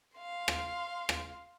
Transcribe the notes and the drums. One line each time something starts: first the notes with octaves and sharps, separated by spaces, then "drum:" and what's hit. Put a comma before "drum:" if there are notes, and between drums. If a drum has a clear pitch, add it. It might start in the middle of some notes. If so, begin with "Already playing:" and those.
F5 C6
drum: rim click
drum: rim click